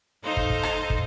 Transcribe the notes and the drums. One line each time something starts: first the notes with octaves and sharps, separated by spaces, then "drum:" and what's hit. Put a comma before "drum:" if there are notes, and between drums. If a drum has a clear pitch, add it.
D#4 A4 C5 D#5 F5
drum: kick
drum: kick
drum: rim click
drum: kick